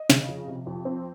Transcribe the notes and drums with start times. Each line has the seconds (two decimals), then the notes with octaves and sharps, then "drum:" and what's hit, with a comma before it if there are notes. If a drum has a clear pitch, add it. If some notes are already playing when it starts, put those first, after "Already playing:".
Already playing: D#5
0.10 C#3, drum: snare
0.28 F2
0.48 C3
0.66 F2
0.85 C4